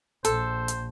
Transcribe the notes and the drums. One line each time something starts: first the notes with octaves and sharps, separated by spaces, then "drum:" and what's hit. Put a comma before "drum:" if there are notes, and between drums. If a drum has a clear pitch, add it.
A#1 A4 C5, drum: hi-hat
drum: hi-hat